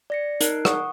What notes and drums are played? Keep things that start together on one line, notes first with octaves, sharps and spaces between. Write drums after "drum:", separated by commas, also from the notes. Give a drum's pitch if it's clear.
D5 A#6 C#7
D#4 A#4 F#6 C7 D7, drum: hi-hat
F#5 C#6 D#6, drum: rim click